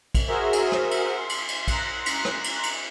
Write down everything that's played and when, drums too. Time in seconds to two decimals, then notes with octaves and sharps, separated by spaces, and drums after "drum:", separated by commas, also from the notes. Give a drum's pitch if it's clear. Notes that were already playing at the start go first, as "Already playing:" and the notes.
0.15 drum: kick A#1, cymbal
0.27 F#4 G#4 A#4 C5 E5
0.53 drum: cymbal
0.72 drum: rim click
0.91 drum: cymbal
1.17 C6
1.29 drum: cymbal
1.48 drum: cymbal
1.68 A#5 C6 F#6, drum: kick A#1, cymbal
2.06 drum: cymbal
2.25 drum: rim click
2.44 drum: cymbal
2.63 drum: cymbal